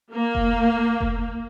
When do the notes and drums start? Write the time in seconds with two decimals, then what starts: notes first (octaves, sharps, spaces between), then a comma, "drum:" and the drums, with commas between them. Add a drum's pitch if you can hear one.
0.13 A#3
0.35 drum: kick F1
1.01 drum: kick F1